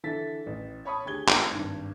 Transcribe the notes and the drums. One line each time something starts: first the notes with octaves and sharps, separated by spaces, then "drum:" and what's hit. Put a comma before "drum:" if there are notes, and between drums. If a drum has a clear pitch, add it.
D3 E3 A4 E5 A6 B6
A1
C#5 A5 B5 C#6 D#6
D2 G4 G#4 G#6 G7
D5, drum: clap
G#1 G2